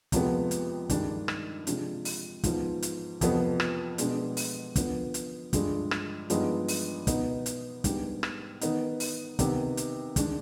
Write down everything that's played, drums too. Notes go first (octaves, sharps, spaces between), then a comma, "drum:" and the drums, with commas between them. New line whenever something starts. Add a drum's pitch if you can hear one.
F2 C3 F3 G#3 B3, drum: kick, hi-hat
drum: hi-hat
G2 D#3 G#3 D4, drum: kick, hi-hat
drum: rim click
C3 F3 G#3 D4, drum: hi-hat
drum: open hi-hat
G#2 F3 B3, drum: kick, hi-hat
drum: hi-hat
F2 C3 F3 B3, drum: kick, hi-hat
drum: rim click
B2 G#3 B3 D4, drum: hi-hat
drum: open hi-hat
D3 F3 B3, drum: kick, hi-hat
drum: hi-hat
G2 D3 F3 G#3, drum: kick, hi-hat
drum: rim click
G2 F3 G#3 B3 D#4, drum: hi-hat
drum: open hi-hat
B2 B3 D#4, drum: kick, hi-hat
drum: hi-hat
G#2 G3 B3 D4, drum: kick, hi-hat
drum: rim click
D#3 B3 D#4, drum: hi-hat
drum: open hi-hat
C3 D#3 B3, drum: kick, hi-hat
drum: hi-hat
D#3 G#3 D4, drum: kick, hi-hat